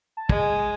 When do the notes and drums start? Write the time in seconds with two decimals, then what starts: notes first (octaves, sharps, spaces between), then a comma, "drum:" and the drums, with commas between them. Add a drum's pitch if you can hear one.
0.17 A5
0.29 G#3 G#5, drum: kick